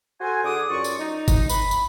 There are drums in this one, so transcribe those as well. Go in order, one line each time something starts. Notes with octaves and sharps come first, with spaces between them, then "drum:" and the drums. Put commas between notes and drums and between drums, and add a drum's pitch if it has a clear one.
F#4 A4 C5 G#5
D3 G#4 F#5 D6 D#6
F#2 F4 D5 C#6
drum: tambourine
D#4
drum: kick F#1, tambourine
B5, drum: tambourine
drum: tambourine